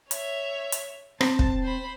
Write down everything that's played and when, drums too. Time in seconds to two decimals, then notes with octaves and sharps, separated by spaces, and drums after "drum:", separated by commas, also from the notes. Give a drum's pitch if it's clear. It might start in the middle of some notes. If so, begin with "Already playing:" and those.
0.11 C#5 E5, drum: hi-hat
0.72 drum: hi-hat
1.21 C4 A5, drum: rim click
1.39 drum: kick
1.63 C5 B5